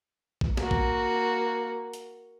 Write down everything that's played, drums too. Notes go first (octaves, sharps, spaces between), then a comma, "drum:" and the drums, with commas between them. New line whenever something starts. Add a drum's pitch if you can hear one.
drum: kick A#1
A#3 F#4, drum: snare
drum: kick A#1
drum: hi-hat